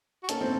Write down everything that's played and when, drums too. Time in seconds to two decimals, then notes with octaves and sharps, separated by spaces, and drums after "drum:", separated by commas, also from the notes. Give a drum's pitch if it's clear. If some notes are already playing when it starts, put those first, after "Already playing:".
0.23 F#4
0.29 A#3 C#4 A4, drum: hi-hat
0.41 A3 C4